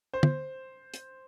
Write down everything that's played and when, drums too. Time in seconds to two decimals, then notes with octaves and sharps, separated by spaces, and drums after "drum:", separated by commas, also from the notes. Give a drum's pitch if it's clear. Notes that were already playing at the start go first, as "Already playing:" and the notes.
0.14 C5
0.23 drum: tom
0.94 drum: hi-hat